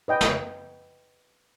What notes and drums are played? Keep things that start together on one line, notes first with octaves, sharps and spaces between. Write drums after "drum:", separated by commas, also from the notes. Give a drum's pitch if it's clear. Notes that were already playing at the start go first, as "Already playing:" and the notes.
B4 D#5 G5
drum: snare